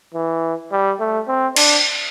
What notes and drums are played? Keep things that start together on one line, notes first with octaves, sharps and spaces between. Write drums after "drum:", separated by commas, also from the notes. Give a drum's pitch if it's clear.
E3
G3
A3
C4
D4, drum: cymbal